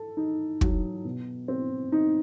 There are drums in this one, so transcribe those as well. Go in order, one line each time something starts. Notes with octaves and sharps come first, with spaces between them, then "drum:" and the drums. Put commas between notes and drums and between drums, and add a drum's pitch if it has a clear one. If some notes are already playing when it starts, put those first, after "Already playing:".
Already playing: A4
D#4
F#3, drum: kick
B2
C4
D#4